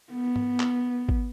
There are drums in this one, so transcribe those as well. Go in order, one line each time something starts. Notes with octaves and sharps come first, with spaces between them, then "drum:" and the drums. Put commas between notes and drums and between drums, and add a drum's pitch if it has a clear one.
B3
drum: tom G#2
drum: clap
drum: kick G#1